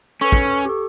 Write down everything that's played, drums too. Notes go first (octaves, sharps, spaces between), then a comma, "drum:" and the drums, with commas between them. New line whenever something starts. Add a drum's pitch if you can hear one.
C#4 A4 B4 C#6
drum: kick
G4 A4